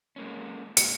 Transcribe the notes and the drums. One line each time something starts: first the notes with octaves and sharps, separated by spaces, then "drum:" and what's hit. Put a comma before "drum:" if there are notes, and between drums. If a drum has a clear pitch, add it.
G#3 A#3 C#4
A#2 G#3 C#7, drum: hi-hat